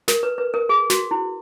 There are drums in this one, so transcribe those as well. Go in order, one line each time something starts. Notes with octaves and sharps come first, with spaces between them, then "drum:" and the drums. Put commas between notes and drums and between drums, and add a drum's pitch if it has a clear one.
A#4, drum: snare
B4
B4
A#4
G#4
F#4, drum: snare
E4